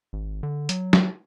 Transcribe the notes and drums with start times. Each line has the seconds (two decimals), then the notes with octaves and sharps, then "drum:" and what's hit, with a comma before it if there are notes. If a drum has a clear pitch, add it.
0.13 G#1
0.43 D3
0.69 F#3, drum: hi-hat
0.93 drum: snare